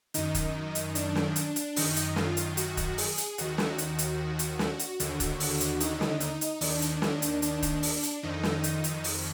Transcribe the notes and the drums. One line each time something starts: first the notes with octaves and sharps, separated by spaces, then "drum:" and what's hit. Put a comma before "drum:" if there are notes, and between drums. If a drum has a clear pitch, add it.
F#2 D#3 D#4, drum: hi-hat
drum: kick, hi-hat
drum: hi-hat
D4, drum: hi-hat
drum: snare
drum: hi-hat
drum: hi-hat
F#2 D#3 D#4, drum: open hi-hat
drum: hi-hat
F4, drum: snare
drum: hi-hat
F#4, drum: hi-hat
drum: kick, hi-hat
G#4, drum: open hi-hat
drum: hi-hat
D#2 D#3 F#4, drum: hi-hat
drum: snare
drum: hi-hat
drum: hi-hat
drum: hi-hat
drum: snare
drum: hi-hat
D#2 D3, drum: hi-hat
drum: kick, hi-hat
drum: open hi-hat
drum: hi-hat
D#4, drum: hi-hat
drum: snare
D#4, drum: hi-hat
drum: hi-hat
D#2 D#3 D4, drum: open hi-hat
drum: hi-hat
drum: snare
drum: hi-hat
D4, drum: hi-hat
drum: kick, hi-hat
drum: open hi-hat
drum: hi-hat
F2 D#3 D#4
drum: snare
drum: hi-hat
drum: hi-hat
drum: open hi-hat